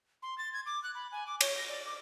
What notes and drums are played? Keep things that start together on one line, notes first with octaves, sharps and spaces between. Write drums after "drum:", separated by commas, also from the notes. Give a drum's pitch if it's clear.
C6
A6
G#6
D6
F#6
B5
G#5
D6
C#5, drum: cymbal
A#6
D5
D6